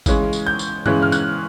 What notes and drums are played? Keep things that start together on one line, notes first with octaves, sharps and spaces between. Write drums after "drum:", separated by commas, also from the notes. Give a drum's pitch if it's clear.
C#3 E3 G#3 C#4, drum: kick G#1, tambourine
drum: tambourine
G6
drum: tambourine
C#3 E3 G#3 C#4 F#6, drum: tom G2
F6
F#6, drum: tambourine